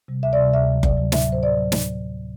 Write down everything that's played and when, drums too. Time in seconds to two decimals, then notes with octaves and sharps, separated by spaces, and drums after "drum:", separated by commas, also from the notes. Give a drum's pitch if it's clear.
0.08 C3 G3
0.23 D2 E5
0.33 D5
0.38 C3 G3
0.54 D2 E5
0.67 C3
0.72 F#3
0.83 D2 D5, drum: kick F#1
0.98 C3 F#3
1.12 A2 E5, drum: snare
1.28 F#3 C5
1.42 A2 D5
1.57 F#3
1.72 drum: snare